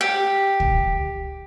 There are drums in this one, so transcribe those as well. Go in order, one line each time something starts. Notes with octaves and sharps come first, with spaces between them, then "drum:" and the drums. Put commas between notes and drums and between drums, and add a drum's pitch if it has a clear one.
G4
drum: kick